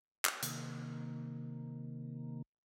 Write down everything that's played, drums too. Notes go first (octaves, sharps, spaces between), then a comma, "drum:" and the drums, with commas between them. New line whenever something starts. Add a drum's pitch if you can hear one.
drum: clap
C3 D#3 A#3, drum: hi-hat